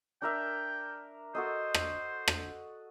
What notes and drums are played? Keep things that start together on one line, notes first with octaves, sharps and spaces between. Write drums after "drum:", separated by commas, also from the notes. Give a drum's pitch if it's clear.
D4 A#4 E5 G5
F#4 A4 C5 D#5
drum: rim click
drum: rim click